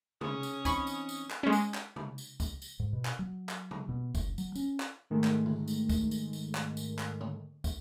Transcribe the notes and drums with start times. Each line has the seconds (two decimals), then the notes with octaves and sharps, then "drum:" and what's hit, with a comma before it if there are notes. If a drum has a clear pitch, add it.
0.21 C#4 G#4 C#5 D#6, drum: tom C3
0.43 drum: tambourine
0.65 E3 C4 D#4 G#5 B5 C#6, drum: kick, tambourine
0.87 drum: tambourine
1.09 drum: tambourine
1.31 drum: clap
1.43 G#3 C#4
1.52 drum: tambourine
1.74 drum: clap
1.96 drum: tom C3
2.18 drum: tambourine
2.40 drum: kick, tambourine
2.62 drum: tambourine
2.79 G#2
2.93 B2
3.05 drum: clap
3.19 F#3
3.49 drum: clap
3.71 drum: tom C3
3.89 B2
4.15 F#1, drum: kick, tambourine
4.38 F#3, drum: tambourine
4.55 C#4, drum: tambourine
4.80 drum: clap
5.10 G#2 D#3 G#3 A3
5.24 drum: clap
5.46 drum: tom D3
5.68 drum: tambourine
5.89 drum: kick, tambourine
6.11 drum: tambourine
6.33 drum: tambourine
6.55 drum: clap
6.77 drum: tambourine
6.99 drum: clap
7.21 drum: tom D3
7.64 drum: kick, tambourine